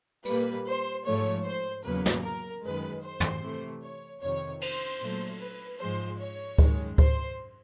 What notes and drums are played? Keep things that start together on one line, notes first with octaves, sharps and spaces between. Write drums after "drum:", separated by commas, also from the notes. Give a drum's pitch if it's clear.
A#2 G3 A#3 B4, drum: tambourine
C5
G#2 F3 A3 C#5
C5
E2 C#3 F#3 A#3 B4
drum: snare
A#4
F#2 D#3 G#3 B4
C5
drum: tom
C3 E3 A3
C#5
F2 C3 D#3 C#5
C5, drum: cymbal
A#2 F#3 A3
B4
G#2 F3 G#3 C5
C#5
F#2 D#3 G#3, drum: kick D2
C5, drum: kick D2